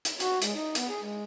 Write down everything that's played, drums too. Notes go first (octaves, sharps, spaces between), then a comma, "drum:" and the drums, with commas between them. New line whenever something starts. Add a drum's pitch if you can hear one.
drum: hi-hat
F#4, drum: hi-hat
G#3, drum: hi-hat
D#4
B3, drum: hi-hat
G#4
G#3